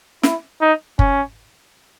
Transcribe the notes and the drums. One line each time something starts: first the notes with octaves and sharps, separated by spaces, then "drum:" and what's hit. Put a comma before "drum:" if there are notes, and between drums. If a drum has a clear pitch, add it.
E4, drum: snare
D#4
C#4, drum: kick